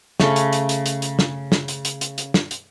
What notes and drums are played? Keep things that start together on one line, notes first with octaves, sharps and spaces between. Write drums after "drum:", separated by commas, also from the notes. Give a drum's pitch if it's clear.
C#3 A3 C#4 C#5, drum: snare
drum: hi-hat
drum: hi-hat
drum: hi-hat
drum: hi-hat
drum: hi-hat
drum: snare
drum: snare
drum: hi-hat
drum: hi-hat
drum: hi-hat
drum: hi-hat
drum: snare
drum: hi-hat